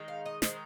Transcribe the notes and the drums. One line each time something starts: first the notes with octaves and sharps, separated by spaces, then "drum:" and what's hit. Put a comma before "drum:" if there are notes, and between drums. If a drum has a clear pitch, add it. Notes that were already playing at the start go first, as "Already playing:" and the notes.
Already playing: D#3 G#3 D#4
F5
D#5
D#3 G#3 D#4 C5, drum: snare